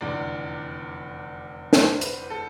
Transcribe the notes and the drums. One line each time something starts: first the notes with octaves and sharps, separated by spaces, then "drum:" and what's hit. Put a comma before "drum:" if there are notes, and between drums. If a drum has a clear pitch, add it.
F1 E2 D3 D5
C5, drum: snare
B4, drum: hi-hat
A4